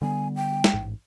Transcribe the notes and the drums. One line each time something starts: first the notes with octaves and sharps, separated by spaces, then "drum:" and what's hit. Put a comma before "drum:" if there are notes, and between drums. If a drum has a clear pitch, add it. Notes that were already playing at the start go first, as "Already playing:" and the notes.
D3 G3 B3 G#5
G5
drum: snare
A1 G#2